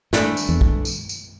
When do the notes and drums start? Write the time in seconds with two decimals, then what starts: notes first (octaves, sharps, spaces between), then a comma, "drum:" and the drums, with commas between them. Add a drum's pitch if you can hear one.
0.13 A2 E3 A3 D4 A4, drum: snare
0.37 drum: tambourine
0.49 E2
0.61 drum: kick
0.85 drum: tambourine
1.09 drum: tambourine